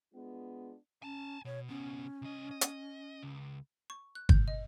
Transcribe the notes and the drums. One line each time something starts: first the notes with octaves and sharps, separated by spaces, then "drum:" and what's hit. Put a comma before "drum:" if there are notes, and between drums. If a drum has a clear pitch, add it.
G#3 B3 D4 F4
C#4 G#5 A5
B2 C#5
C3 B3 C#4
C2 D#5
D#5
drum: hi-hat
C#2
C#6
F#6
G6, drum: kick
D#5